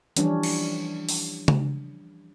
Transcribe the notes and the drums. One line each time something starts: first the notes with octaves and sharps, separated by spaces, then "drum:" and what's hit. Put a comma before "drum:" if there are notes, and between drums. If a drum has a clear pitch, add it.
E3 F3 G3 C#4 D4, drum: hi-hat
drum: cymbal
drum: open hi-hat
drum: tom C#3